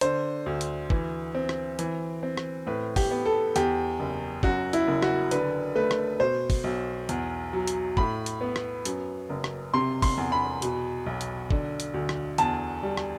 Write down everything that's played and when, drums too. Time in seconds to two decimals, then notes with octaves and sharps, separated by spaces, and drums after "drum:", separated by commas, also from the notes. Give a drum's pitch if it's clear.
0.01 D3 C5, drum: hi-hat
0.46 D2
0.61 drum: hi-hat
0.90 E3, drum: kick
1.34 C4
1.49 drum: rim click
1.79 E3, drum: hi-hat
2.23 C4
2.37 drum: rim click
2.67 A2 B4
2.96 G4, drum: kick, open hi-hat
3.11 B3
3.26 A4
3.56 E2 G4, drum: hi-hat
4.00 F#1
4.43 F#2 F#4, drum: kick
4.73 E4, drum: hi-hat
4.88 F#1
5.03 F#4, drum: rim click
5.31 D3 B4, drum: hi-hat
5.76 A3 B4
5.91 drum: rim click
6.20 B2 C5
6.50 drum: kick, open hi-hat
6.64 B1
7.09 E2, drum: hi-hat
7.53 F#3
7.67 drum: hi-hat
7.97 A2 B5, drum: kick
8.26 drum: hi-hat
8.41 B3
8.56 drum: rim click
8.85 F#2, drum: hi-hat
9.29 F#1
9.44 drum: rim click
9.74 C3 C6
10.02 C6, drum: kick, open hi-hat
10.18 E2
10.32 B5
10.62 B2, drum: hi-hat
11.06 B1
11.21 drum: hi-hat
11.51 D3, drum: kick
11.80 drum: hi-hat
11.94 D2
12.09 drum: rim click
12.38 E2 A5, drum: hi-hat
12.83 G3
12.97 drum: rim click